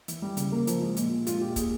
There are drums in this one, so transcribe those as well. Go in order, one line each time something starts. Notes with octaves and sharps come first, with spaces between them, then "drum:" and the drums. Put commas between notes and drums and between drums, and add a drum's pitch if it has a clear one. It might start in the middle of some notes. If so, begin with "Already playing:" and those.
E3, drum: hi-hat
G3
C#3, drum: hi-hat
A#3
F3, drum: hi-hat
G#3
A#2, drum: hi-hat
A#2
G#3 F4, drum: hi-hat
A#2 G4
A#2 G#4, drum: kick, hi-hat